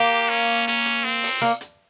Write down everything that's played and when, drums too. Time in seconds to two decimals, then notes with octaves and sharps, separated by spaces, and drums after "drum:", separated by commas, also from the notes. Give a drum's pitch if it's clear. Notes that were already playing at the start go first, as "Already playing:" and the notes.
Already playing: A#3 G4
0.29 C#4
0.67 C#4, drum: hi-hat
0.86 drum: hi-hat
1.04 C4, drum: hi-hat
1.23 drum: open hi-hat
1.42 A#3
1.61 drum: hi-hat